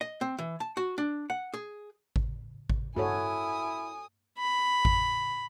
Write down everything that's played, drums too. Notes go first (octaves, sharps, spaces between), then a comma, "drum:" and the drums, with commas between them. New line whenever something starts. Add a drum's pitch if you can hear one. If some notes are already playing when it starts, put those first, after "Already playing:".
D#5
C4
E3
A5
F#4
D4
F#5
G#4
drum: kick G#1
drum: kick G#1
E4 F#4 A4 C#5 G#5 D#6, drum: tom G2
B5
drum: kick G#1